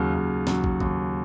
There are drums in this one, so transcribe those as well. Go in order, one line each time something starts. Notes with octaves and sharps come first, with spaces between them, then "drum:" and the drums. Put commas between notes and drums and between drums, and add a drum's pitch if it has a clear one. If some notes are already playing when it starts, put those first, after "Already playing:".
Already playing: D#2 C#3 F#3
D#2
C#3 F#3, drum: snare
drum: kick
D#2, drum: kick